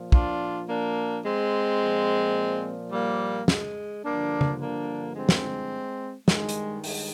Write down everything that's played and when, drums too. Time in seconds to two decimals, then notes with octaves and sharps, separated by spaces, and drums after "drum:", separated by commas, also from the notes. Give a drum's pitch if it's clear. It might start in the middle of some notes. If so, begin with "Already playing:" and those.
Already playing: A#2 F3
0.12 D4 F4, drum: kick
0.69 A#3 D4
1.25 G#3 C4
1.80 A#2 F3
2.92 G3 A#3
3.48 G#3, drum: snare
4.04 G2 D3 F3 A#3 D4
4.41 drum: tom C#3
4.60 A#3 D4
5.16 G#3 C4
5.29 drum: snare
6.28 G2 D#3 G#3, drum: snare
6.49 drum: hi-hat
6.84 G#3, drum: open hi-hat